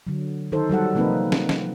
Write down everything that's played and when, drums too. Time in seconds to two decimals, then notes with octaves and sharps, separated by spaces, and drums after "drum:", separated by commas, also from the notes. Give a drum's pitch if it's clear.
0.07 D3 F#3
0.52 D#3 D#4 A4 C5
0.70 F#3 G3 A4 F#5
0.95 C3 F3 A#3 C4 D#4 B4
1.32 drum: snare
1.49 drum: snare